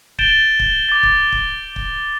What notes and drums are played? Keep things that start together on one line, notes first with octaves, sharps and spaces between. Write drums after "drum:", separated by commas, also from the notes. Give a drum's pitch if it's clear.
G6 A6 D7 E7 G7, drum: kick
drum: kick
D6 A6
drum: kick
drum: kick
drum: kick